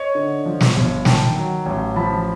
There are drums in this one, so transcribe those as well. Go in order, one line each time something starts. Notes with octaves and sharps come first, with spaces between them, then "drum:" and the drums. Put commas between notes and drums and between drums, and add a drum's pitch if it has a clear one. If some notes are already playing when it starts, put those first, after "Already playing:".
Already playing: C#5 D#5
D3
F3
drum: snare
G1
D#3 G5 A5, drum: snare
F#3
A1
F3 A5 B5